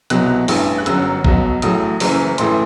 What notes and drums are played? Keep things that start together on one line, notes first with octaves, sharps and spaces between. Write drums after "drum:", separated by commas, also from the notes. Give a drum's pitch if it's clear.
C2 B2 F#3 F#6, drum: hi-hat
A1 G2 E3, drum: open hi-hat
F#6
G1 F#2 F#3 E6, drum: hi-hat
B1 B2 F#3, drum: kick A#1
A1 A2 F#3 D#6, drum: hi-hat
F#1 F#2 E3, drum: open hi-hat
A1 A2 E3 C6, drum: hi-hat